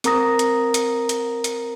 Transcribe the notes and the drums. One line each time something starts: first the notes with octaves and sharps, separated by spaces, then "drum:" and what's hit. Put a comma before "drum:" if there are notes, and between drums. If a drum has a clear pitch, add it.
C4 A#4 A#5 D#6 A#6, drum: hi-hat
drum: hi-hat
drum: hi-hat
drum: hi-hat
drum: hi-hat